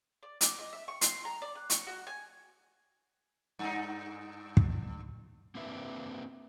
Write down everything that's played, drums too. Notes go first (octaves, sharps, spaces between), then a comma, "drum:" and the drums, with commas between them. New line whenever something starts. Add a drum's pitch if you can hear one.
D5
D6, drum: hi-hat
D#5
E5
C#6
C6, drum: hi-hat
A#5
D5
F#6
C#6, drum: hi-hat
F#4
G#5
G2 D#4
drum: kick
A#3 C4 D4 G4 B4 E5